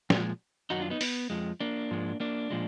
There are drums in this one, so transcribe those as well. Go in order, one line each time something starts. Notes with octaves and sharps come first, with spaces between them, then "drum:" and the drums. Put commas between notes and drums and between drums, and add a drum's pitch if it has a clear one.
A#2 F3 G#3, drum: snare
F#2 D#3 F#3 D#4 F#4
D4 F4
B3 D#4
B3, drum: open hi-hat
F2 F3 G#3
A#3 D4
G#2 F3 G#3
A#3 D4
A#2 F3 G#3